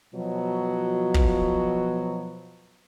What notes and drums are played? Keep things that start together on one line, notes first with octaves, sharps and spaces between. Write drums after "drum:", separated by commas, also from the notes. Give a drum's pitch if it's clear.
B2 F3 F#3
drum: kick